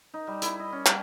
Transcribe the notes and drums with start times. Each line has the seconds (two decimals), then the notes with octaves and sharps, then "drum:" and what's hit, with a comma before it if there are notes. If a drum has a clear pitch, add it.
0.14 D#4
0.27 G3
0.42 E4, drum: hi-hat
0.59 D#5
0.72 C#4
0.86 G3, drum: clap